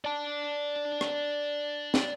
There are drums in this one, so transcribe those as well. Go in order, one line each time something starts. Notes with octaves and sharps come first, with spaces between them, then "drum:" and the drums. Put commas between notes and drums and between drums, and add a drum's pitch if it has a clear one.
D5 A5
drum: rim click
drum: snare